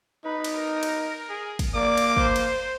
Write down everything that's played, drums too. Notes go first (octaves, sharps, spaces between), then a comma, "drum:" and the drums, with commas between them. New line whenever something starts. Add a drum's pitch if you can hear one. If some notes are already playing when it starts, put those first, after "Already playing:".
D#4 B4
drum: cymbal
A#4
drum: cymbal
G#4
drum: kick, cymbal
A#3 D5 D6
drum: cymbal
C5, drum: kick
drum: cymbal